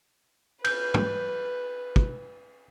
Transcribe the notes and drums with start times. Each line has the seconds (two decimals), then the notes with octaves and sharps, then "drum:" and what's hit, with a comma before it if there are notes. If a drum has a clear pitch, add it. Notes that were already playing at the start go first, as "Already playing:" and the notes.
0.65 B4 G6, drum: cymbal
0.94 drum: tom
1.96 drum: kick